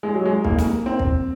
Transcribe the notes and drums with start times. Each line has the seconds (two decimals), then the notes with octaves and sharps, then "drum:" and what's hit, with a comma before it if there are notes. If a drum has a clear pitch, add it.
0.03 G#3
0.15 F#3
0.26 G#3
0.45 A#3, drum: kick
0.58 drum: snare
0.86 C4
0.99 drum: kick